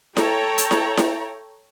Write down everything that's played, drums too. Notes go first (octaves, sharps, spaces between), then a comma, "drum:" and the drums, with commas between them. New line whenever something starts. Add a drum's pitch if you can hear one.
A4 C#5 G5 A#5, drum: snare E4
drum: hi-hat
drum: snare E4
drum: snare E4